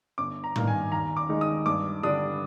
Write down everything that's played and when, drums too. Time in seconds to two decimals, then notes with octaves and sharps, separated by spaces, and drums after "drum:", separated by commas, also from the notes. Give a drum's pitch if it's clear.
0.18 G1 D6
0.44 A#5
0.56 G2 D#3 A#3, drum: tom
0.68 G#5
0.92 D#2 A#5
1.17 D6
1.29 D#3 G#3 D#4
1.41 D#6
1.66 G2 D6
2.03 D3 G3 D4 D#6